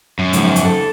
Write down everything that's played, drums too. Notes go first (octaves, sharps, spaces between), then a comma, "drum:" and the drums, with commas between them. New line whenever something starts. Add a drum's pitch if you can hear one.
F#2
G#2 C#3 F3, drum: hi-hat
drum: hi-hat
A4